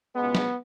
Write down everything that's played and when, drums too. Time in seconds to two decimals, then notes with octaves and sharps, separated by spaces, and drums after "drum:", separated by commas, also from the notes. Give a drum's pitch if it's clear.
0.15 C#2 B2 G#3 B3
0.35 drum: snare